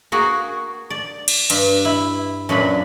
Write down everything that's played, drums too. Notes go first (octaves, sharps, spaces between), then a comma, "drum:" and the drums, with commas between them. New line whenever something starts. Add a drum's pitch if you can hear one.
A#3 F#4 G#4
D5
drum: cymbal
G2, drum: cymbal
E4
F#2 A#2 D4 B5